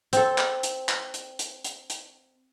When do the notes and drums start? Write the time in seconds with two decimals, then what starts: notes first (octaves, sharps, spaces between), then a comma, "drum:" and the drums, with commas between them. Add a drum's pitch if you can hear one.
0.13 C4 A4, drum: hi-hat
0.38 drum: clap
0.63 drum: hi-hat
0.89 drum: clap
1.14 drum: hi-hat
1.39 drum: hi-hat
1.64 drum: hi-hat
1.90 drum: hi-hat